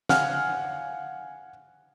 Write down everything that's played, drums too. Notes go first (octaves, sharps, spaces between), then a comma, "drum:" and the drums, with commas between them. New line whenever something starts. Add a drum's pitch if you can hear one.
F5 F#5 G#5 F6, drum: snare